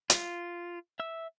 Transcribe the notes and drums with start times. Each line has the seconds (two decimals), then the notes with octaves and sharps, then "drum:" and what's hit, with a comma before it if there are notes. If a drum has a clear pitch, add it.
0.10 F4, drum: hi-hat
1.00 E5 E6